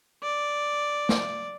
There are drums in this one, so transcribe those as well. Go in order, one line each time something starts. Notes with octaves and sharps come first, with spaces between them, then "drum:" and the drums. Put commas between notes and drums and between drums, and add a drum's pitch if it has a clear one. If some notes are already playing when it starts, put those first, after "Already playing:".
D5
drum: snare